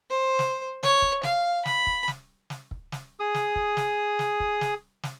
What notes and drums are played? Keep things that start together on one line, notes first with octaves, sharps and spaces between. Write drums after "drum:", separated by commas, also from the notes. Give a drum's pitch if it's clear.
C5
drum: snare
C#5, drum: snare
drum: kick
F5, drum: snare
B5, drum: snare
drum: kick
drum: snare
drum: snare
drum: kick
drum: snare
G#4 D#6
drum: snare
drum: kick
drum: snare
drum: snare
drum: kick
drum: snare
drum: snare